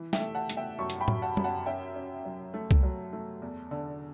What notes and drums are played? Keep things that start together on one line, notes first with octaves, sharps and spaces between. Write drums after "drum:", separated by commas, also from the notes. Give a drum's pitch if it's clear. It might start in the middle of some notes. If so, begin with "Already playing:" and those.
Already playing: E3
E5 G5, drum: snare
A3
F#5 A5
A3, drum: hi-hat
E5 G5
F#2 A5 C#6
drum: hi-hat
G5 B5
F#2, drum: tom
F#5 A5
F#2, drum: tom
F#5 A5
C#4 E5 G5
C#4
F#3
A3
drum: kick C2
F#3
A3
E2
D3